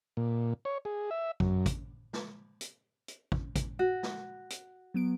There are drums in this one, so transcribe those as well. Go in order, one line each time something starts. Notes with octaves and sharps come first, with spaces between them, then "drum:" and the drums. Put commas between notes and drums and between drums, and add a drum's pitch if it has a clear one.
A#2
C#5
G#4
E5
F#2, drum: kick
drum: kick, hi-hat
drum: snare
drum: hi-hat
drum: hi-hat
drum: kick
drum: kick, hi-hat
F#4
drum: snare
drum: hi-hat
F#3 B3 D7